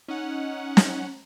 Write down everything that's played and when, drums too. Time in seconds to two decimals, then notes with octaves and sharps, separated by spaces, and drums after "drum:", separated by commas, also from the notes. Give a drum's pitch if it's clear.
0.08 C#4 D#4 F#5
0.77 drum: snare